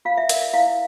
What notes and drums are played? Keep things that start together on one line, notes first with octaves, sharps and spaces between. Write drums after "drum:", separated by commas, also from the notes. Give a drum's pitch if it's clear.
F4 F5
E5
A#4 D5, drum: hi-hat
E5
E4 F5